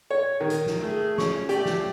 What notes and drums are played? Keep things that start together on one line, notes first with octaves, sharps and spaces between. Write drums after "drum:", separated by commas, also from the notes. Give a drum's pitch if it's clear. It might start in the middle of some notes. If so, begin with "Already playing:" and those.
C#5
D#3
drum: hi-hat
drum: snare
A3 G#4
C#4 C#6, drum: snare
A3 G4 D5 G5, drum: hi-hat
drum: snare